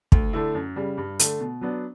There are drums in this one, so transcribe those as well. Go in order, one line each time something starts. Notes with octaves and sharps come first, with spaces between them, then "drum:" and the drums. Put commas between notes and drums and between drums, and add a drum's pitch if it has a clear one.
D2, drum: kick
D3 A3 E4
F#2
C#3 G3
G2
D3 A3, drum: hi-hat
B2
F#3 B3 D4